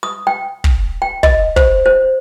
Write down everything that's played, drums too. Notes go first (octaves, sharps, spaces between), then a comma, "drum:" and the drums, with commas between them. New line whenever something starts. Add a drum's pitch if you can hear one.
D#6
G5
drum: kick
G5
D#5, drum: kick
C5, drum: kick
C5